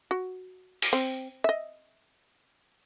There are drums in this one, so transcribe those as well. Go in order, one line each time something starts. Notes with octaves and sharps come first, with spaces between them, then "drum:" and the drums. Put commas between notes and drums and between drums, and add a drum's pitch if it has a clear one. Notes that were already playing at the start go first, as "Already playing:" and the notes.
F#4
drum: open hi-hat
C4
D#5 E5